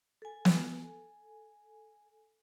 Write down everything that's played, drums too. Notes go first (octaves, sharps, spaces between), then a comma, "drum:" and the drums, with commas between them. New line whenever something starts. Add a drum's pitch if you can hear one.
A4 G#5
drum: snare